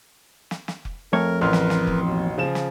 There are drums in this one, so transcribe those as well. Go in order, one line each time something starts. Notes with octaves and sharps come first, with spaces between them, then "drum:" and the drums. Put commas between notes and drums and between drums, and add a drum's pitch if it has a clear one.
drum: snare
drum: snare
drum: kick F1
F2 A3 A#4 C#5
A1 A#4 B4 C6 F6
drum: snare
drum: snare
drum: kick F1
D#2 B2
C#3 F3 E7
drum: snare